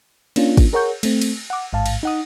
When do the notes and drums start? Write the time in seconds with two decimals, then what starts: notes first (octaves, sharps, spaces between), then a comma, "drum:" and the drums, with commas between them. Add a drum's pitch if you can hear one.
0.36 A#3 C#4 D4 F4, drum: cymbal
0.57 drum: kick, cymbal
0.73 G#4 A#4 C#5 F#5 C#6 G6
1.03 A3 C4, drum: cymbal
1.22 drum: cymbal
1.50 F#5 D6
1.73 A1 G#2 F5 A5
1.86 drum: cymbal
2.03 D#4 F#5 D#6